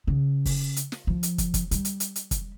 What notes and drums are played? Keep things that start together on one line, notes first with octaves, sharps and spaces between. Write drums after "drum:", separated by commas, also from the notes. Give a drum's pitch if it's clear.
C#3
drum: kick, open hi-hat
drum: hi-hat
drum: snare
F3
drum: hi-hat
drum: kick, hi-hat
drum: kick, hi-hat
G3, drum: hi-hat
drum: hi-hat
drum: hi-hat
drum: hi-hat
drum: kick, hi-hat